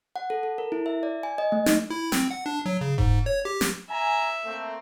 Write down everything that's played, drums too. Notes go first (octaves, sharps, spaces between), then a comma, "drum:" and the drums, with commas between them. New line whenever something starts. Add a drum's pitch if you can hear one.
F#5
A4
A4
A#4
E4
E5
D5
G#5
D#5
A3
D#4, drum: snare
E4
C4, drum: snare
F#5
D4
F#3
C#3
G#2, drum: kick F1
C#5
G4
drum: snare
E5 G#5 A#5
A3 A#3 C4